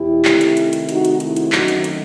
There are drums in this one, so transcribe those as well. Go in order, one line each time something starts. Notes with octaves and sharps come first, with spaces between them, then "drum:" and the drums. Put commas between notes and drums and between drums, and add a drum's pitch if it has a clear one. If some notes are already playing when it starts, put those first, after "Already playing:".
Already playing: E2 B2 E4 G4
C3 D#3 A3 C4, drum: clap
drum: hi-hat
drum: hi-hat
drum: hi-hat
D#4 F#4, drum: hi-hat
drum: hi-hat
E4, drum: hi-hat
drum: hi-hat
F#2 D#3 A3 C4 D#4 F#4, drum: clap
drum: hi-hat
drum: hi-hat